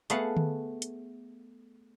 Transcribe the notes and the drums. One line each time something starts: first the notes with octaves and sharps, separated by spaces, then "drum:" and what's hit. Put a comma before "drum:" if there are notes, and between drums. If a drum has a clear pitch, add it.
A3 B3 G#4 F5 F#5, drum: hi-hat
drum: tom D3
drum: hi-hat